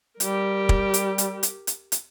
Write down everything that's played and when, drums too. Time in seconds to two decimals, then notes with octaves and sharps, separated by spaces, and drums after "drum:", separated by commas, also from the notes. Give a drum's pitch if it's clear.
0.20 G3 G4 A#4, drum: hi-hat
0.69 drum: kick
0.94 drum: hi-hat
1.18 drum: hi-hat
1.43 drum: hi-hat
1.67 drum: hi-hat
1.92 drum: hi-hat